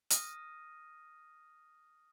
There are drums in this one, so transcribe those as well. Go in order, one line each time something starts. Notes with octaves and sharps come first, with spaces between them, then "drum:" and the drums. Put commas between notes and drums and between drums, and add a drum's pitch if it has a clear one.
D#6 F6 A#6 D#7, drum: hi-hat